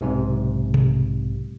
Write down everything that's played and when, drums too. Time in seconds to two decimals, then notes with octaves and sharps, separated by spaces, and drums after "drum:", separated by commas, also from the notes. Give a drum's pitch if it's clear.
0.01 B1 G#2 C3
0.74 drum: tom B2